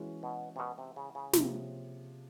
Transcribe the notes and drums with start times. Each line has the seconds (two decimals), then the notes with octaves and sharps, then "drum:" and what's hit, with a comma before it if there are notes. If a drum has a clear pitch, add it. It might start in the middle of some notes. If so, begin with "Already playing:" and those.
Already playing: E3 G#3 C#4 F#4
0.23 B2
0.56 C3
0.59 B2
0.78 C3
0.96 C#3
1.15 C#3
1.33 C3 F3 A#3, drum: snare